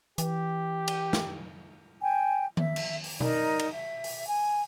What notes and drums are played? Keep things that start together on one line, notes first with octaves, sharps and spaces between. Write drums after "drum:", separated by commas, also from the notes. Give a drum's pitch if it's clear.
E3 G4, drum: hi-hat
drum: cymbal
drum: snare
G5 G#5
E5, drum: tom D#3
drum: cymbal
drum: open hi-hat
D#4 A#4 D5, drum: tom B2
drum: cymbal
E5
drum: open hi-hat
G#5